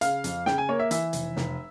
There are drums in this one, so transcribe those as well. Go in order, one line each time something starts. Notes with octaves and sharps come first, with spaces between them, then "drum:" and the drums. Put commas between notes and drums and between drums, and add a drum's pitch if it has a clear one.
C#3 F5, drum: hi-hat
F2, drum: hi-hat
C#3 G5, drum: snare
G#5
A#3 C#5
E5
E3 E5, drum: hi-hat
F1, drum: hi-hat
F1, drum: snare